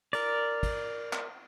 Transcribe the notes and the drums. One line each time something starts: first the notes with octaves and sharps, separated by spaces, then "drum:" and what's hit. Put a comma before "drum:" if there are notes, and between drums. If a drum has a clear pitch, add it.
A#4 D5, drum: cymbal
drum: kick, cymbal
drum: clap